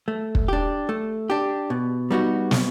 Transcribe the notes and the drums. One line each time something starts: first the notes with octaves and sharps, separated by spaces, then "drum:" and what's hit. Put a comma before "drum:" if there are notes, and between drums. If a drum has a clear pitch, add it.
A3
drum: kick
D4 G4
A3
D4 G4
B2
G3 B3 D#4 F#4
B2, drum: snare